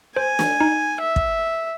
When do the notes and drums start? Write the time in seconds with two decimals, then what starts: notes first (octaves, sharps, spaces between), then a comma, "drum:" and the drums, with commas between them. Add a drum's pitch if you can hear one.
0.16 C5 G#5
0.39 drum: snare
0.60 D#4
1.01 E5
1.16 drum: kick